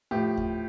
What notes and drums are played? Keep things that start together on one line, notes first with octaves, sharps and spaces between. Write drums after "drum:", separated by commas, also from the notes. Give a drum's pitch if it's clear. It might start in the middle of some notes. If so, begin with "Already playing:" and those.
A2 F3 G4
drum: kick D#2